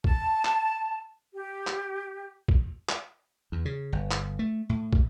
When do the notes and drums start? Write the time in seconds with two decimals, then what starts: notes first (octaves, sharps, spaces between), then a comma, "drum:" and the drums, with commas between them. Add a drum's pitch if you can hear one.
0.04 A5, drum: kick
0.45 drum: clap
1.34 G4
1.67 drum: clap
2.48 drum: kick
2.89 drum: clap
3.52 E2
3.65 C#3
3.92 G1
4.11 drum: clap
4.39 A3
4.69 A2
4.93 drum: kick